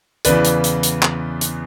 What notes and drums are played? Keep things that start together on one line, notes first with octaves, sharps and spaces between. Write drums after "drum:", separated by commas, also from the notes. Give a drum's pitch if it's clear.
E2 C#3 E3 B4 D5, drum: hi-hat
drum: hi-hat
drum: hi-hat
drum: hi-hat
drum: clap
drum: hi-hat